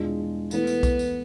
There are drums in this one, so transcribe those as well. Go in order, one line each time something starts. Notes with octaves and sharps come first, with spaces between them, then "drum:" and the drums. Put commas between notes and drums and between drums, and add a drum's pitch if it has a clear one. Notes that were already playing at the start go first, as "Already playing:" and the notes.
Already playing: E2 B2 G#3 D4 F4
E3 A3 B3 E4 B4, drum: tambourine
drum: tambourine
drum: kick B1, tambourine
drum: tambourine